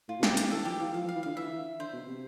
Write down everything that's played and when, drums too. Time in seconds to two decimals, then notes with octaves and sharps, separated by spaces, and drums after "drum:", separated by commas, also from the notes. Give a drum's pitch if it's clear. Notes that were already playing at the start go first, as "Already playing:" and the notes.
0.08 A2 F4
0.19 B2
0.23 G4, drum: snare
0.30 C3
0.37 D3 G4, drum: hi-hat
0.51 E3 A4
0.65 F3 G4
0.80 E3 F5
0.94 F3 F5
1.05 F3
1.09 F5
1.15 E3
1.23 D3 F5
1.37 E3 E5
1.79 D3 C5
1.93 B2
2.08 C3